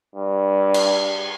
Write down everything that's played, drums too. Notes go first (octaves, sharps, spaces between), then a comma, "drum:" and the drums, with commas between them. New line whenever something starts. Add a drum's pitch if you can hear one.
G2
drum: cymbal